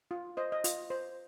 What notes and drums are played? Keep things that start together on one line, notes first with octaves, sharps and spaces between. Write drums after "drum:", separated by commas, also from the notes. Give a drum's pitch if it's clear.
F4
C5 D#5
D#5
F4, drum: hi-hat
C5